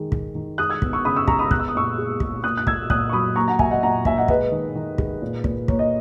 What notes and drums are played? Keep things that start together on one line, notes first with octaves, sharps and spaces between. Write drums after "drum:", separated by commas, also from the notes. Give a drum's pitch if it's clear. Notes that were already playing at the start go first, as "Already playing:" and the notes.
Already playing: D#3 G#3
D#3, drum: kick
D#3
G#3 D#6 F#6
E6 G#6
B3, drum: kick
C#6 E6
C#3 B5 D#6
C#6 E6
G#3 A#5 C#6, drum: kick
B5 D#6
B3 F#6, drum: kick
E6
D#6
A#2 C#6 E6
G#3
G#3, drum: kick
A#2 D#6 F#6
F#6
A#2 E6 G#6, drum: kick
A#2 D#6 F#6, drum: kick
C#6
F#3 B5 D#6
A#3 A#5 C#6
F#5 A#5
A#3 E5 G#5, drum: kick
D#5 F#5
A#2 F#5 A#5
A#3 E5 G#5, drum: kick
D#5 F#5
G#3 B4 D#5, drum: kick
D#3
D#3
G#3, drum: kick
A#2
A#2, drum: kick
A#3 C#5, drum: kick
D#5